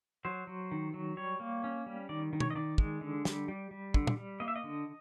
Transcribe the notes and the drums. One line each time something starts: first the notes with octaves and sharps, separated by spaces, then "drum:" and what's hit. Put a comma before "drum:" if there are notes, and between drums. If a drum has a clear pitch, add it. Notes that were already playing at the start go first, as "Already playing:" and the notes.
F#3 C5
F#3
D#3
F#3
G3 C#5
A#3
C#4
G3
D#3 D5
D#3
C#5, drum: tom
D#5
D#3 D5
G#3, drum: kick
D3
G3, drum: snare
G3
G3
D3, drum: kick
drum: tom
G3
A#3 D#5
E5
D#5
D3